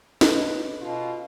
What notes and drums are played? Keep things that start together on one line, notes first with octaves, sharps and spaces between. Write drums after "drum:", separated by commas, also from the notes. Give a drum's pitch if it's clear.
C#4 A4 B4 D#5 F#6, drum: snare
B2 F4